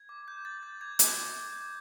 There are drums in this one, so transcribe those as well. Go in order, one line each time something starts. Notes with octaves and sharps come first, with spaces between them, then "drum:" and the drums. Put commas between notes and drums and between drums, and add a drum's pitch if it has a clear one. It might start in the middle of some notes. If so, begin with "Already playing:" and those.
Already playing: G#6
D6
G6
G6 A6
G6
D6 G#6
D6 G#6, drum: hi-hat
D6
D6
G6